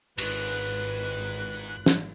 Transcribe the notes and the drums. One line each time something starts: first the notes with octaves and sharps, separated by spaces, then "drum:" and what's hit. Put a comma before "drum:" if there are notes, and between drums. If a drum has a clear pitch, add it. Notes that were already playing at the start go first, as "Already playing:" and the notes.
G#1 G#2 B4 F#6, drum: cymbal
drum: snare